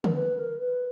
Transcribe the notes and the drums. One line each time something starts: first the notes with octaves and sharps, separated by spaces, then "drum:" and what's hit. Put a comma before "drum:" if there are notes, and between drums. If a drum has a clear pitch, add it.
A#4, drum: tom D3
B4
A#4
B4